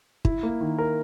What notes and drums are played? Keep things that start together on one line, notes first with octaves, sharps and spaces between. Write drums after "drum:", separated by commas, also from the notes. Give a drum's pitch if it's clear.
E4, drum: kick
A#3
D#3
A#4